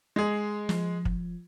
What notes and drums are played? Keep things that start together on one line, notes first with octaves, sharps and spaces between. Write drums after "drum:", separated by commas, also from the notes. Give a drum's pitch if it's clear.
G#3 G#4
F3, drum: snare
drum: kick